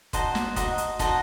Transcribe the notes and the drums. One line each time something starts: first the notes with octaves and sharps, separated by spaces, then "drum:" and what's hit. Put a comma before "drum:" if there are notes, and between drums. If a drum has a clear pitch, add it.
D#4 F#4 C5 D#5 A5, drum: kick, hi-hat
drum: snare
D#4 F#4 C5 D#5, drum: kick, hi-hat
drum: hi-hat
D#4 F#4 C5 D#5 A5, drum: kick, hi-hat